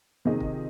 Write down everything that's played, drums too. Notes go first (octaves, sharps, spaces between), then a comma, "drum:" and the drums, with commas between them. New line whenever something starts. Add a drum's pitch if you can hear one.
C3 D#3 F3 C4 D#4 G#4 D#5
drum: kick